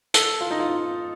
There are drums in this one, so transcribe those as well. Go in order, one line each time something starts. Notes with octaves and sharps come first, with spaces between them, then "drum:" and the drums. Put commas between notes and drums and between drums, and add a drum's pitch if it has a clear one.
A4, drum: hi-hat
F4
D#4
F4